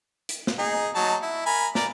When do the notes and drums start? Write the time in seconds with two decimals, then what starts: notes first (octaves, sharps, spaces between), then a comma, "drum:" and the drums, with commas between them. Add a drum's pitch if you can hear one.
0.29 drum: hi-hat
0.47 drum: snare
0.59 D#4 G#4
0.95 F#3 D#4 A5
1.22 E4
1.46 A#4 G#5 B5
1.75 A#4 D5, drum: snare